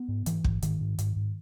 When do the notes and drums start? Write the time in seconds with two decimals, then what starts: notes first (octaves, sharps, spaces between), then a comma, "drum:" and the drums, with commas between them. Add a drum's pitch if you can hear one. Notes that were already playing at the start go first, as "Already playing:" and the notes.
Already playing: B3
0.08 G#2
0.26 G#2 E3, drum: hi-hat
0.44 G#2, drum: kick
0.62 G#2 D#3, drum: hi-hat
0.81 G#2
0.99 G#2, drum: hi-hat
1.16 G#2